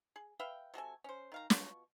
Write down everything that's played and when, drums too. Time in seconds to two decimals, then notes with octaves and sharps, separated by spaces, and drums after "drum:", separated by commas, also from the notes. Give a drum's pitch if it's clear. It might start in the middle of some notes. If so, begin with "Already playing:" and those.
0.16 G#4
0.39 B4 E5 F5 G5
0.74 C3 F#4 A4 G#5
1.04 C#4 C5
1.32 D#3 F5 A#5
1.50 B2 F4 C#6, drum: snare